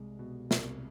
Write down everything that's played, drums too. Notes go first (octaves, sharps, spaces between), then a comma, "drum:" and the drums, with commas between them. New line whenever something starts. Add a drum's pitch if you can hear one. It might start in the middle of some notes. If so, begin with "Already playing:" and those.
Already playing: C2 G#3
B2
C2, drum: snare